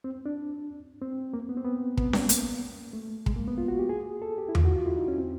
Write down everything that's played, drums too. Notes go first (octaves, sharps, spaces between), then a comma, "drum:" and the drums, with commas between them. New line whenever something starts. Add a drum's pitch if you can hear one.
C4
D4
C4
A#3
B3
C4
B3
B3, drum: kick
drum: snare C#4
A#3, drum: hi-hat
A3
G#3, drum: kick
A#3
B3
F4
F#4
G4
G#4
A4
G4
E4
F4, drum: tom E2
F#4
F4
E4
D#4
C#4
C4